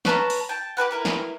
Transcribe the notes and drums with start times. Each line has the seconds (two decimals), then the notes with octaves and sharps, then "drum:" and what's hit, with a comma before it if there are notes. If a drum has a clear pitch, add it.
0.05 C#4 B4 A5 A#5, drum: snare
0.30 drum: open hi-hat
0.49 G5 A5
0.77 G4 A#4 B4 F#5
0.91 E4 A#4 B4
1.05 drum: snare